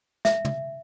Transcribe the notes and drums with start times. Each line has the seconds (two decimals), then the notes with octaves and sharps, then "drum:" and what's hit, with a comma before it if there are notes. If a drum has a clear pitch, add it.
0.25 E5, drum: snare
0.45 drum: tom